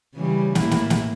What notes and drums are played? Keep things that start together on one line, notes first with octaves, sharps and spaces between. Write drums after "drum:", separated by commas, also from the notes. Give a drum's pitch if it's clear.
C#3 E3 G3
A2 A#3 E4, drum: snare
drum: snare
drum: snare